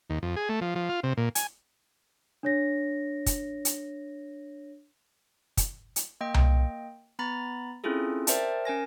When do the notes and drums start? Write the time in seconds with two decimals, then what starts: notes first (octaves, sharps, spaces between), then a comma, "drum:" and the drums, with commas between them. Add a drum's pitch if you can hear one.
0.10 D#2
0.23 F2
0.36 G#4
0.49 A3
0.61 F3
0.75 F3
0.89 F4
1.03 C3
1.17 A#2
1.35 G#5, drum: hi-hat
2.43 D4 C#5 A#6
3.26 drum: kick, hi-hat
3.65 drum: hi-hat
5.57 drum: kick, hi-hat
5.96 drum: hi-hat
6.21 A#3 D#5 G5
6.34 drum: tom C2
7.19 B3 A#5 B5 A6
7.84 C4 C#4 E4 F4 G#4 A4
8.27 A#4 C5 D5 E5 G5 A5, drum: hi-hat
8.65 C#4 A#4 G#5 A#6